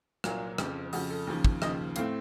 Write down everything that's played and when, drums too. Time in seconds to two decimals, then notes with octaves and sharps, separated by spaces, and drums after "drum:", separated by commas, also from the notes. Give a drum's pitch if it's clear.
0.24 C2 A#2 F#3 A#3 F4, drum: rim click
0.58 F2 C#3 F3, drum: rim click
0.93 F2 C#3 F3 F#4, drum: open hi-hat
1.10 A4
1.27 D#2 C#3 F3
1.44 drum: kick
1.62 D#2 C#3 F3 D#5, drum: rim click
1.96 A2 A3 C4 F5, drum: hi-hat